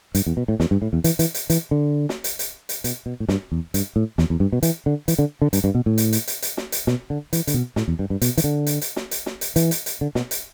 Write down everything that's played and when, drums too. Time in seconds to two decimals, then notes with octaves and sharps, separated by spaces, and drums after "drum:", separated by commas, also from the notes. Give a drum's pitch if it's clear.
0.15 G2, drum: hi-hat
0.26 E2
0.37 B2
0.48 A2
0.60 E2, drum: snare
0.71 G2
0.82 A2
0.93 E2
1.04 E3, drum: hi-hat
1.19 E3, drum: hi-hat
1.34 drum: hi-hat
1.50 E3, drum: hi-hat
1.71 D3
2.09 drum: snare
2.24 drum: hi-hat
2.39 drum: hi-hat
2.69 drum: hi-hat
2.84 B2, drum: hi-hat
3.06 B2
3.20 A2
3.29 G2, drum: snare
3.52 E2
3.74 G2, drum: hi-hat
3.96 A2
4.18 E2, drum: snare
4.30 E2
4.40 G2
4.52 B2
4.63 E3, drum: hi-hat
4.86 D3
5.08 E3, drum: hi-hat
5.19 D3
5.42 D3
5.53 G2, drum: hi-hat
5.64 G2
5.75 B2
5.86 A2
5.98 drum: hi-hat
6.13 drum: hi-hat
6.27 drum: hi-hat
6.42 drum: hi-hat
6.57 drum: snare
6.72 drum: hi-hat
6.87 B2, drum: snare
7.10 D3
7.33 E3, drum: hi-hat
7.47 D3, drum: hi-hat
7.54 B2
7.76 A2, drum: snare
7.88 E2
7.99 G2
8.10 G2
8.22 B2, drum: hi-hat
8.38 E3, drum: hi-hat
8.44 D3
8.66 drum: hi-hat
8.81 drum: hi-hat
8.96 drum: snare
9.11 drum: hi-hat
9.26 drum: snare
9.41 drum: hi-hat
9.56 E3, drum: hi-hat
9.71 drum: hi-hat
9.86 drum: hi-hat
10.01 D3
10.15 B2, drum: snare
10.31 drum: hi-hat